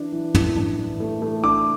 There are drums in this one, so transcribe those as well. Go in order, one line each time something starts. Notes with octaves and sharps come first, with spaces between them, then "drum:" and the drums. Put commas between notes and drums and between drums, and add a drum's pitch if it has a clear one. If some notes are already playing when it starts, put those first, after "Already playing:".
Already playing: E3 D4
E3
A2, drum: tom
D4
E3
A3
A3
D4 D6